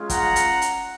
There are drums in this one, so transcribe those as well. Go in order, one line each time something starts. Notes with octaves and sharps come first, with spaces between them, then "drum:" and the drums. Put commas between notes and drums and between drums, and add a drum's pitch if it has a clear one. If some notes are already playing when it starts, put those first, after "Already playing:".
Already playing: G#3 C#4 F4
F#5 A#5, drum: kick, hi-hat
drum: hi-hat
drum: hi-hat